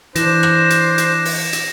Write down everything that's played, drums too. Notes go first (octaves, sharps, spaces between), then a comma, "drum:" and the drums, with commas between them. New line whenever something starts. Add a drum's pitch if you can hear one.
E3 D4 C5 A#6 E7, drum: hi-hat
drum: rim click
drum: hi-hat
drum: hi-hat
drum: open hi-hat
drum: hi-hat